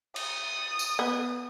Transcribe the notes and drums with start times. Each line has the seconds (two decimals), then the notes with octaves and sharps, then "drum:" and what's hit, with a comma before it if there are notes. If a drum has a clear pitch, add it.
0.16 D#6, drum: cymbal
0.79 drum: tambourine
0.99 B3